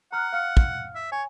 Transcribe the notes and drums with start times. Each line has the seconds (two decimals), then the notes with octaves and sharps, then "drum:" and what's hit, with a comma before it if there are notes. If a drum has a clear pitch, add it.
0.12 F#5 A#5 F6 F#6
0.33 F5 F6 C#7
0.57 drum: kick
0.95 E5
1.12 C#5 G#5